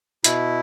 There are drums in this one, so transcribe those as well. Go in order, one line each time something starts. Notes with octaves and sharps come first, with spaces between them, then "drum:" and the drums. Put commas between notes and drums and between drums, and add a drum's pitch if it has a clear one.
B2 E4, drum: hi-hat